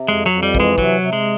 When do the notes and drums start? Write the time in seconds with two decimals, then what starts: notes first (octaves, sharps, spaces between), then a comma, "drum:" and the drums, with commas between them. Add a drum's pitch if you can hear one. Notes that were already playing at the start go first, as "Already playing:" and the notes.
Already playing: C3
0.08 F2 G#3
0.26 F#3
0.31 F2
0.43 G3
0.55 E3, drum: kick
0.60 G#3
0.78 C3 F#3, drum: kick
1.01 C3
1.13 G#3